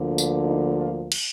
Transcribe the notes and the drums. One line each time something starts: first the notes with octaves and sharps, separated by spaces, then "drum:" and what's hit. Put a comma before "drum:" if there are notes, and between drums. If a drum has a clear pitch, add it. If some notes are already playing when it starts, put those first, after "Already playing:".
Already playing: D2 D3 F3 A#3
drum: tambourine
D#4
F4
drum: cymbal